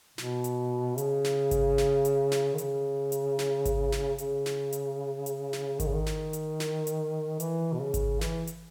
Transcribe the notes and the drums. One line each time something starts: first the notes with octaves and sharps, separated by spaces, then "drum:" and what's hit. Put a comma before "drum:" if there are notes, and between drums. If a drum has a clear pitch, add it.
B2, drum: snare
drum: hi-hat
C#3, drum: hi-hat
drum: snare
drum: kick G#1, hi-hat
drum: snare
drum: hi-hat
drum: snare
D#3
C#3, drum: hi-hat
drum: hi-hat
drum: snare
drum: kick G#1, hi-hat
drum: snare
C#3, drum: hi-hat
drum: snare
drum: hi-hat
drum: hi-hat
drum: snare
D#3, drum: kick G#1, hi-hat
C#3
D#3
drum: snare
drum: hi-hat
drum: snare
drum: hi-hat
E3, drum: hi-hat
B2
C#3
drum: kick G#1, hi-hat
E3, drum: snare
drum: hi-hat